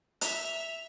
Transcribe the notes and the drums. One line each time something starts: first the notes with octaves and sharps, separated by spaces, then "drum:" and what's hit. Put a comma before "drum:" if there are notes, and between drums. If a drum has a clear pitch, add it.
E5 F7, drum: hi-hat